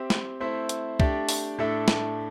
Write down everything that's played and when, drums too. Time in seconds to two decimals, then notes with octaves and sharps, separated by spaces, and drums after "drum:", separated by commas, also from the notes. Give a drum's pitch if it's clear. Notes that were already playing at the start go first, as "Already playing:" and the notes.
Already playing: C4 G4 E5
0.10 drum: snare
0.40 A3 C4 E4 C5 E5
0.69 drum: hi-hat
1.00 A3 D4 G4 D5, drum: kick
1.29 drum: open hi-hat
1.58 A2 A3 D4 A4 E5
1.88 drum: snare